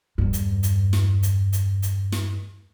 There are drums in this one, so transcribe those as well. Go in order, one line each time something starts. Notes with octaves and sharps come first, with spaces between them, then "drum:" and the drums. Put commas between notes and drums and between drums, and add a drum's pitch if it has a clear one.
E2 G2
drum: hi-hat
drum: hi-hat
drum: snare
drum: hi-hat
drum: hi-hat
drum: hi-hat
drum: snare